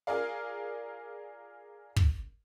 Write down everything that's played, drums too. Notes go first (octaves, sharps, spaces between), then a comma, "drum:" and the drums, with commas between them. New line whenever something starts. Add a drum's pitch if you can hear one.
F4 G#4 A#4 D5 F5
drum: kick